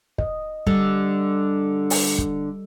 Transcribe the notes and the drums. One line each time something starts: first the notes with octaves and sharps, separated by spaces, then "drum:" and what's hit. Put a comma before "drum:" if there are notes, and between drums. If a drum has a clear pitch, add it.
D#5, drum: kick
D3 G3, drum: kick
drum: open hi-hat
drum: kick